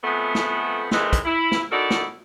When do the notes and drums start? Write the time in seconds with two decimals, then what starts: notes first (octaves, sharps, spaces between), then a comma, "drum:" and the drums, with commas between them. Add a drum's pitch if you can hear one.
0.03 F2 G#3 A3 B3
0.35 drum: snare
0.91 D#3 E3 G#3 A3 B3 C4, drum: snare
1.13 drum: kick, hi-hat
1.25 E4
1.52 drum: snare
1.71 D#4 E4 F#4 A4 A#4 D5
1.91 drum: snare